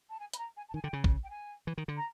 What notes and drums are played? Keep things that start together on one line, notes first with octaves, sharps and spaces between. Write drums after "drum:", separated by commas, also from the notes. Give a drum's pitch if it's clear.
A5
G#5
B5, drum: hi-hat
A#5
G#5
A5
D#3 G#5
D3 G5
C#3 G#5
drum: kick
G5
G#5
E3
D#3
D3
A#5